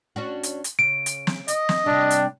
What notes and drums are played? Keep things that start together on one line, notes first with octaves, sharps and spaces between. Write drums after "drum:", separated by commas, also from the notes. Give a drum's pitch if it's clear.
C#4 D4 F#4
drum: hi-hat
drum: hi-hat
C#3 D7
drum: hi-hat
drum: snare
D#5, drum: hi-hat
drum: snare
C3 G3 D4
drum: hi-hat